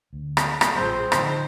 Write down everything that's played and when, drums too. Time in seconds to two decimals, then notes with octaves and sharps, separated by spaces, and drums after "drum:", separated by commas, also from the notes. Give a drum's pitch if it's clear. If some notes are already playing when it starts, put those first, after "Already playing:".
0.13 D2
0.37 drum: rim click
0.61 drum: rim click
0.76 A#1 A2 F3 G3 C4 G#4 C5
1.12 A2 D3 F3 D#4 C5, drum: rim click